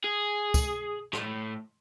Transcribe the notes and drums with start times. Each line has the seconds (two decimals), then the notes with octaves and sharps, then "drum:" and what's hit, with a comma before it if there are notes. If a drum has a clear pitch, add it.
0.04 G#4
0.54 drum: kick, tambourine
1.13 A2, drum: rim click